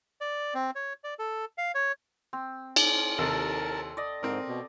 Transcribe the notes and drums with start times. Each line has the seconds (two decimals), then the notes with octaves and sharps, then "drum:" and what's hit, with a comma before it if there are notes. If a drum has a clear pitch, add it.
0.21 D5
0.54 C4
0.75 C#5
1.04 D5
1.19 A4
1.58 F5
1.75 C#5
2.33 C4
2.76 drum: cymbal
3.18 D#2 C3 A4 A#4 A5
3.97 D5 D#5
4.23 G#2 C4 A#4
4.48 B2